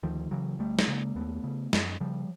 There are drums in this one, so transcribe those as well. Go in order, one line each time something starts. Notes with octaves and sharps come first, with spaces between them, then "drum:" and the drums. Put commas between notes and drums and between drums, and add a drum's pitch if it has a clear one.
D2 D#3 F3
C#3 E3 F#3
D2 G3 A3
drum: snare
C#3 G#3 A#3
D#2 A3 B3
C#3
F#2, drum: snare
C#3 F3 G3